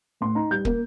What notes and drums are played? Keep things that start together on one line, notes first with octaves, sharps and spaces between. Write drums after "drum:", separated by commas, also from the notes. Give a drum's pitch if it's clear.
A2 C6
D#4 A#5
G3 G6
A#3, drum: kick